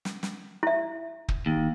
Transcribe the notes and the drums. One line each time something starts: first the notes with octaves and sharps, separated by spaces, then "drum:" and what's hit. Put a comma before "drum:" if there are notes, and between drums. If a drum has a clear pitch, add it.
drum: snare
drum: snare
E4 E5
drum: kick
D#2